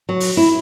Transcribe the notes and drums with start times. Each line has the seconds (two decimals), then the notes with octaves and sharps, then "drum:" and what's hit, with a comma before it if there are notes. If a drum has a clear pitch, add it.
0.09 F#3
0.20 drum: open hi-hat
0.37 E4